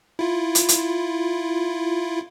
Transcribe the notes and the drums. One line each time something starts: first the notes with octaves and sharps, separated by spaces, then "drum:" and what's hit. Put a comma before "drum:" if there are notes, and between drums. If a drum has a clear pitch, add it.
E4 F4
drum: hi-hat
drum: hi-hat